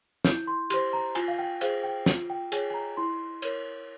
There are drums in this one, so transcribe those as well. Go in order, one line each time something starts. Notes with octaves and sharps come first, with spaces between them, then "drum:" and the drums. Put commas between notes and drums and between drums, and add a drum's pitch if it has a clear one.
E4 G6, drum: snare
C6
G4 C5 C6, drum: cymbal
A#5
F4 G#5, drum: cymbal
F5
G5
G#4 C5 F5, drum: cymbal
G5
F4, drum: snare
G5
G#4 C#5 G#5, drum: cymbal
G#5
A#5
E4 C6
A#4 C#5, drum: cymbal